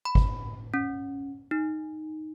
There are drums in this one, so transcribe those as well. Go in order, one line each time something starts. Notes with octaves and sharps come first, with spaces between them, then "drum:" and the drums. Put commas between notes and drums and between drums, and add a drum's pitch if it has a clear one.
B5
drum: kick G1
C#4
D#4